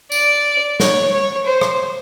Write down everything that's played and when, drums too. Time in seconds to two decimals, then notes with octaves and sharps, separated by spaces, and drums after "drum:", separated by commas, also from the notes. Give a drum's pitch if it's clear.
0.12 D5, drum: tambourine
0.80 C#5, drum: snare
1.12 C#5
1.46 C5
1.61 drum: rim click